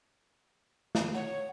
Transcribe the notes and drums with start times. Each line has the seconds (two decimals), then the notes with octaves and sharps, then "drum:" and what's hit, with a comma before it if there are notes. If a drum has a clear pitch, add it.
0.95 drum: snare
1.15 C#5 F#5